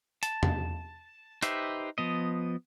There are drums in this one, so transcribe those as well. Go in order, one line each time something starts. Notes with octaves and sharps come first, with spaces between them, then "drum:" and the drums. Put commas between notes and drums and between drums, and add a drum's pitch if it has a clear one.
A5, drum: hi-hat
drum: tom E2
D#4 G4 B4 C5 E5, drum: hi-hat
F3 B3 D#5